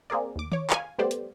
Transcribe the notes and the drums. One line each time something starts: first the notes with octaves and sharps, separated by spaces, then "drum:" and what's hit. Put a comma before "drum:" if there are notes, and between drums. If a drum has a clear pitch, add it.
A#3 C4 G#4 A#4 D5
D#2 D6
C#5 D6, drum: tom D#3
F5 G#5, drum: clap
G3 A3 B3 G4 C5 D5
drum: hi-hat